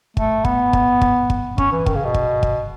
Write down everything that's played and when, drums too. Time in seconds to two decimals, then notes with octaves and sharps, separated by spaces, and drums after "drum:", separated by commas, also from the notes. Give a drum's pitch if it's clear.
0.17 A3, drum: kick
0.45 B3, drum: kick
0.73 drum: kick
1.01 drum: kick
1.30 drum: kick
1.58 C#4, drum: kick
1.72 E3
1.86 D#3, drum: kick
1.96 C#3
2.05 B2
2.14 drum: kick
2.43 drum: kick